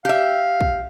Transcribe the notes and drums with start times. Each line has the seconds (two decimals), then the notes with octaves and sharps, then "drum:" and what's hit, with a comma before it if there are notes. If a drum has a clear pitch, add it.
0.05 G4 E5 F5
0.61 drum: kick